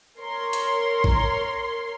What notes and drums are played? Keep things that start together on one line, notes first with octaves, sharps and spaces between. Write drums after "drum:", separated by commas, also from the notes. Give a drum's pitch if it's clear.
A#4 C#5 C6
drum: hi-hat
drum: kick A1